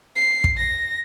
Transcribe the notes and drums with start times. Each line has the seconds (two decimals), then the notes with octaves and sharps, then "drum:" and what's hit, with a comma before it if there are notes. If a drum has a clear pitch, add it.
0.16 C7
0.44 drum: kick
0.57 A#6